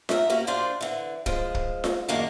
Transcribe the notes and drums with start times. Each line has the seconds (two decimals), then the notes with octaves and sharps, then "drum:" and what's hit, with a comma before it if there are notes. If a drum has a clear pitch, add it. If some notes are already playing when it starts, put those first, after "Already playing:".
0.09 A#4 E5, drum: snare F4
0.30 G3 A#3 C#4 F#4
0.47 A#3 D4 F4 C5 D5
0.81 D3 E3
1.26 F3 G#3, drum: kick
1.55 drum: kick
1.84 drum: snare F4
2.08 F#2 D#3 G#3 A#3 D4